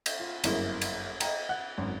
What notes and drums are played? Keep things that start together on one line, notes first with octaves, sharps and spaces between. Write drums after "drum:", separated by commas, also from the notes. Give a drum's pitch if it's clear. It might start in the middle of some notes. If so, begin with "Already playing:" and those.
drum: cymbal
F4
G1 F#2 A#3 E4 G#4, drum: cymbal
drum: cymbal
D#5 G5 A#5, drum: cymbal
F#5 F#6
G#1 F#2